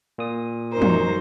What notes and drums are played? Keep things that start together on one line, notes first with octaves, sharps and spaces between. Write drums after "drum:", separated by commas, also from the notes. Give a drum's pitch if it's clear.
A#2 D#6
F#2 D#4 A#4 C5
drum: tom